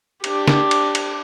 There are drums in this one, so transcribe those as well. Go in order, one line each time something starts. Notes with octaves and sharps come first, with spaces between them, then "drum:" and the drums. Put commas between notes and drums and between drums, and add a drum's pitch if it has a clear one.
D4 G4, drum: cymbal
drum: snare
drum: cymbal
drum: cymbal